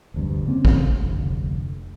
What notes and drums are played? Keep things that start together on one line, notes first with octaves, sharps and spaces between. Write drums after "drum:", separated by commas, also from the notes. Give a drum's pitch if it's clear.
F1 D2 G2
C#3 A#3 C4 C#4
drum: kick
F1 D2